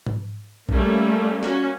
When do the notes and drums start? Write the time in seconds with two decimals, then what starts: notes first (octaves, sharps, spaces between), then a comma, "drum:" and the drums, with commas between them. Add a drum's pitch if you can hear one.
0.07 drum: tom G#2
0.69 G3 A3 A#3 C#4, drum: kick
1.43 A#3 C#4 F#4, drum: snare